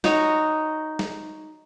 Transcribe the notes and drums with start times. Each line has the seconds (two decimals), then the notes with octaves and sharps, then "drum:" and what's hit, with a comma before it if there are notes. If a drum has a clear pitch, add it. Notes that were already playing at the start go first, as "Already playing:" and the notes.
0.04 D#4 F#4 C#5 D#5, drum: snare
0.99 drum: snare